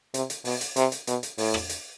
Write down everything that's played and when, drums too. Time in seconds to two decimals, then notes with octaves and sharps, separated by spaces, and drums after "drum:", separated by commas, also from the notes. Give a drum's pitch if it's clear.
0.14 C3, drum: hi-hat
0.30 drum: hi-hat
0.45 B2, drum: open hi-hat
0.61 drum: hi-hat
0.76 C3, drum: hi-hat
0.92 drum: hi-hat
1.07 B2, drum: hi-hat
1.23 drum: hi-hat
1.38 A2, drum: open hi-hat
1.54 drum: rim click
1.69 drum: hi-hat